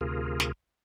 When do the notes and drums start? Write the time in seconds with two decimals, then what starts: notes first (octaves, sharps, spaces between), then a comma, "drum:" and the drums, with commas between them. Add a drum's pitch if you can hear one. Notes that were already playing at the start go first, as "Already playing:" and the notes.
0.01 D2 C3 F4 G#4 A#4
0.40 drum: snare